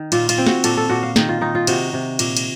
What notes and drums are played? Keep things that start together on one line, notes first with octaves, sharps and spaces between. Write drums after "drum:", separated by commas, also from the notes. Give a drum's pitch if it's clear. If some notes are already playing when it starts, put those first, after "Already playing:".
Already playing: D#3
A#2 F4, drum: cymbal
F4, drum: cymbal
C4
F#4, drum: snare
A#2 A4, drum: cymbal
A4
A#2 F#4
F5
D#3 D#5, drum: snare
F4
D#3 D#4
F4
C3 F#4, drum: cymbal
C3
A#2, drum: cymbal
drum: cymbal